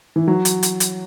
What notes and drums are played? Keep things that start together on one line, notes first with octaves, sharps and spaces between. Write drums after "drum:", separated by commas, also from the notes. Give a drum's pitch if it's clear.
E3
F#3
drum: hi-hat
drum: hi-hat
drum: hi-hat